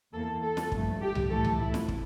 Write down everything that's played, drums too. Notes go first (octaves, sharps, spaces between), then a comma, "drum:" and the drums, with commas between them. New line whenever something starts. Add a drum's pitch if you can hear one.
E2 E3 A#3 A4
A4
drum: snare
G2 F3 A3, drum: kick
G4
drum: tom C2
A2 E3 A3 A4
drum: tom C2
E4
drum: snare
drum: kick